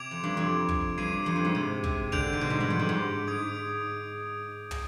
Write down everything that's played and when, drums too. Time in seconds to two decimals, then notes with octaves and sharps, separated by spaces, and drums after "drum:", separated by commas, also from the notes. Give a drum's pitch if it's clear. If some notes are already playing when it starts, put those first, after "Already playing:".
Already playing: C3 D6 G#6 D7 F7
0.11 F2
0.24 G2
0.37 F2
0.69 drum: kick
0.98 G2 G#6 C7 D#7
1.26 F2
1.36 G2
1.45 G#2
1.55 C3
1.84 C3, drum: kick
2.12 D3 G6 D7 F7, drum: kick
2.33 G#2
2.41 B2
2.50 G#2
2.60 G2
2.70 F2
2.80 G2
2.89 G#2
3.27 D#6 G#6 D7
4.71 drum: tom